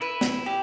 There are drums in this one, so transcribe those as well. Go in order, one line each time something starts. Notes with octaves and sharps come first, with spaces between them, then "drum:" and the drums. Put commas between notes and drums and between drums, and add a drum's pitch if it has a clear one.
E4 B4
drum: snare
G4